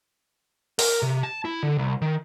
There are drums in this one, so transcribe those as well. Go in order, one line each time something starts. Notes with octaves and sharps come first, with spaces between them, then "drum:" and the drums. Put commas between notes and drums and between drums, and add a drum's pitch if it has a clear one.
A#4, drum: open hi-hat
C3
A5
E4
D3
C2
D#3